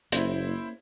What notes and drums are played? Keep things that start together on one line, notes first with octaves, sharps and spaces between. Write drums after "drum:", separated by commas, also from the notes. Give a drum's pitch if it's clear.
F#1 A#3 C#4 E4 C5, drum: hi-hat